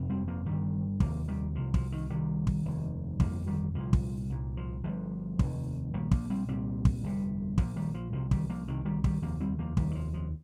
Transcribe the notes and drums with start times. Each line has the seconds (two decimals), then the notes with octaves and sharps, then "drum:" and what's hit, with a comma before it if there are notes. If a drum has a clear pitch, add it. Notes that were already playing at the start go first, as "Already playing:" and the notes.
Already playing: G1 F2 C3
0.09 G3 C4
0.28 F3 A#3
0.46 G1 G2 D#3 G3
1.00 F1 D#2 F3 A#3, drum: kick
1.28 D#3 G3
1.55 C2 C3 F3
1.74 F3, drum: kick
1.92 D#3
2.10 C2 C3 D#3 G3
2.47 drum: kick
2.65 F1 D#2
3.20 G1 F2 C3 F3 A#3, drum: kick
3.47 D#3 G3
3.75 C2 A#2 F3
3.93 drum: kick
4.30 C2 A#2
4.57 F3
4.84 G1 G2 F3
5.39 F1 D#2, drum: kick
5.94 A#1 A#2 D#3 G3
6.11 F3 A#3, drum: kick
6.30 G3 C4
6.48 C2 A#2 G3 C4
6.85 drum: kick
7.03 G1 F2 C3
7.58 A#1 A#2 F3 A#3, drum: kick
7.76 D#3 G3
7.94 F3
8.12 C2 C3 F3
8.31 D#3 G3, drum: kick
8.49 F3 A#3
8.68 C2 C3 D#3
8.85 D#3 G3
9.04 D#3 G3, drum: kick
9.22 F1 D#2 F3 A#3
9.40 G3 C4
9.59 F3 A#3
9.77 F1 D#2 D#3 G3, drum: kick
9.91 D#3
9.95 F3
10.14 F3